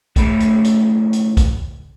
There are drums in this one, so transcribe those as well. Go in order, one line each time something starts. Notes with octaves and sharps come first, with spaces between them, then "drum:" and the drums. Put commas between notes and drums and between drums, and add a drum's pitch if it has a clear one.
B1 A2 A3 E4 G#4 B5, drum: kick, hi-hat
drum: hi-hat
drum: hi-hat
drum: hi-hat
drum: kick, hi-hat